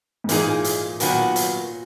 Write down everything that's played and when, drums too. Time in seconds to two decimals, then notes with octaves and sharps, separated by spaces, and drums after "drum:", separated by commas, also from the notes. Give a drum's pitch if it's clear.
0.24 G#2
0.29 A#2 E3 A#3 D#4 G#4, drum: hi-hat
0.64 drum: hi-hat
1.00 A#2 D#3 F#3 B3 F#4 A#4, drum: hi-hat
1.36 drum: hi-hat